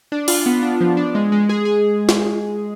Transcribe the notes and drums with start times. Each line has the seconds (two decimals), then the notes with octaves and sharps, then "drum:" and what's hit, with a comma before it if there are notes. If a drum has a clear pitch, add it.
0.12 D4
0.28 F4, drum: open hi-hat
0.46 B3
0.63 D4
0.81 F3
0.97 D4
1.15 G#3
1.32 G#3
1.49 G#4
1.65 G#4
2.09 drum: snare